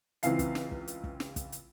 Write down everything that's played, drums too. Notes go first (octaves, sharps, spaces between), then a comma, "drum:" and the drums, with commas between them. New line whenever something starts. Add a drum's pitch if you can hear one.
C#2 E3 C4 F5 C7, drum: hi-hat
drum: kick, hi-hat
drum: snare
drum: kick
drum: hi-hat
drum: kick
drum: snare
drum: kick, hi-hat
drum: hi-hat